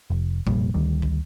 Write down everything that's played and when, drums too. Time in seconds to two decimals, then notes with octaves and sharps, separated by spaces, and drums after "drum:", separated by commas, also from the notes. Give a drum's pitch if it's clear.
0.10 F1
0.47 F1 F2 A#2 G3, drum: kick A#1
0.74 D2 D#3 G3
1.02 drum: kick A#1